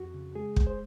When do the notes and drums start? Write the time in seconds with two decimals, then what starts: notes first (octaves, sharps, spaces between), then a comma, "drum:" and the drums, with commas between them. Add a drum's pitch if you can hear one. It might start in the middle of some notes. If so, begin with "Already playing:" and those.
Already playing: F2 F#4
0.14 C#3
0.35 G#3 G#4
0.56 F2, drum: kick
0.67 C5